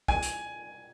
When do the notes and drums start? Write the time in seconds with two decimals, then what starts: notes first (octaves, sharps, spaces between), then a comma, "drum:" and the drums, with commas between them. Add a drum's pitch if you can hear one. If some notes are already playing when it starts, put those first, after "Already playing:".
0.08 G#5, drum: kick
0.23 drum: hi-hat